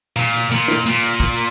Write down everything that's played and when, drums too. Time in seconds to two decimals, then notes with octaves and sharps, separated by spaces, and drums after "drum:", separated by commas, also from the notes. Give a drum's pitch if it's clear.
0.16 A#2, drum: hi-hat
0.34 drum: hi-hat
0.51 A#2, drum: hi-hat
0.68 drum: snare
0.86 A#2, drum: hi-hat
1.03 drum: hi-hat
1.20 drum: kick, hi-hat